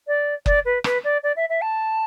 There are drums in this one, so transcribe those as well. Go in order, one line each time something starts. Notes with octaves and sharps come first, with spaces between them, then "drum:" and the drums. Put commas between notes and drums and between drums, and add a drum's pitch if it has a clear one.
D5
D5, drum: kick F#1
B4
B4, drum: rim click
D5
D5
E5
E5
A5